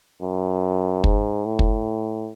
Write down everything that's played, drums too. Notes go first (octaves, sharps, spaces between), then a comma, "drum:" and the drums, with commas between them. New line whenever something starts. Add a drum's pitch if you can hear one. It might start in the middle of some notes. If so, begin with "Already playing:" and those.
F#2
G#2, drum: kick
A2
drum: kick